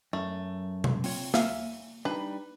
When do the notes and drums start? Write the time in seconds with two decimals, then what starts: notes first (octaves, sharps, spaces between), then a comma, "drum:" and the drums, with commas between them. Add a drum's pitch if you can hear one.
0.13 F#2 A3
0.84 drum: tom B2
1.04 C4 F4 C#5, drum: open hi-hat
1.34 E5 F5 G#5, drum: snare
2.05 G3 D4 D#4 B4